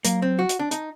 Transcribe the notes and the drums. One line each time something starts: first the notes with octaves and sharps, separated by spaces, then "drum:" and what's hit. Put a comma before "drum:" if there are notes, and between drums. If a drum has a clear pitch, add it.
F#3 A#3, drum: hi-hat
C4
F#4
drum: hi-hat
D4
D#4, drum: hi-hat